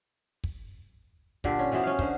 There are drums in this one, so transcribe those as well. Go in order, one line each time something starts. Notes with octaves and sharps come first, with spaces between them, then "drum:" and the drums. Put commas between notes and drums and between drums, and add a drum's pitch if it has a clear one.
drum: kick
A#2 D3 G4 A4, drum: kick
C#4
B2 E3 B3 C5
C#4 F5
D3 C5, drum: kick